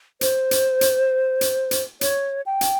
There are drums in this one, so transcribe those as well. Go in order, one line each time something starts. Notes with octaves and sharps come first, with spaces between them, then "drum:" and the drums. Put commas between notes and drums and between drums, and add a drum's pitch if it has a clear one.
C5, drum: hi-hat
drum: hi-hat
drum: hi-hat
drum: hi-hat
drum: hi-hat
C#5, drum: hi-hat
G5
drum: hi-hat